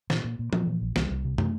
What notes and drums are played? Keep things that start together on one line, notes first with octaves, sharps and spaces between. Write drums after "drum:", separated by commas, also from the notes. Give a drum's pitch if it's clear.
A#2, drum: snare
A#2
A#2
A#2 F3, drum: tom E3
A#2
A#1
C2 G3, drum: snare
C2
C3
C3 A3, drum: tom